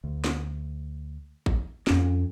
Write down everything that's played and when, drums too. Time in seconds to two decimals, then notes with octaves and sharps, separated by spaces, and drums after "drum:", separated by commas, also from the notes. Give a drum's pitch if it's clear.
0.04 D2
0.24 drum: snare
1.46 drum: kick G#1
1.87 F2 C#4, drum: snare